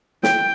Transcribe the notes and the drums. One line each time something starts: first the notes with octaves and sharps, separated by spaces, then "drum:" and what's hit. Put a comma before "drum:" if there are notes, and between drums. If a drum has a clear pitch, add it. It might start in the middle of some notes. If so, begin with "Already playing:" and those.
G5, drum: snare